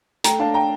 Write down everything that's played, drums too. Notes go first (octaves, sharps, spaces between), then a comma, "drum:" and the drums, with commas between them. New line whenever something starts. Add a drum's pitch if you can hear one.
A3 G5 A#5, drum: hi-hat
D4 F5 A5
G5 A#5